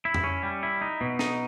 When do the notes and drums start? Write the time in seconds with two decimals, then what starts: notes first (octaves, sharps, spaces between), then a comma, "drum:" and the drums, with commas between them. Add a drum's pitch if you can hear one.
0.05 E4
0.14 drum: tom F2
0.24 C#4
0.43 G3
0.63 E4
0.81 D#4
1.01 B2
1.19 D#4, drum: snare